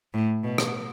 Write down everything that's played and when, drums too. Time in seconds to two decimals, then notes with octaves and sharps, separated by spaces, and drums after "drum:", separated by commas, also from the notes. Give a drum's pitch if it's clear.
0.14 A2
0.44 B2
0.58 drum: rim click